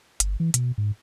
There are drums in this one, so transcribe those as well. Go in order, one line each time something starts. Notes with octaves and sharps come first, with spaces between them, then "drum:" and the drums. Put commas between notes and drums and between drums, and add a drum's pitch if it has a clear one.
G1, drum: hi-hat
E3
B2, drum: hi-hat
G#2